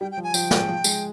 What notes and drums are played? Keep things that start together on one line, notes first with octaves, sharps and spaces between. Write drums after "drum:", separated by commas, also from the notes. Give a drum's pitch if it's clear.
G3 G5
G5
F3
G#5
F3 G5, drum: tambourine
G#3, drum: snare
F3
G#3, drum: tambourine